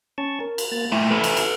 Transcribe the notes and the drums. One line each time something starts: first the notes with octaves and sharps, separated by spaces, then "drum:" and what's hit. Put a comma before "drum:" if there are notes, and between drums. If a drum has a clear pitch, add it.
C#4 A5 C#6
A#4
drum: cymbal
A#3 A6
G2 A#2 A3 E4
E2 C3 A4 B4
drum: cymbal
drum: cymbal